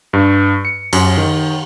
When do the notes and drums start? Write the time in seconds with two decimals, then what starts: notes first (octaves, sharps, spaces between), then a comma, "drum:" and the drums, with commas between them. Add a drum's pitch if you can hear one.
0.13 G2
0.65 C#7
0.93 F#2, drum: cymbal
1.17 D#3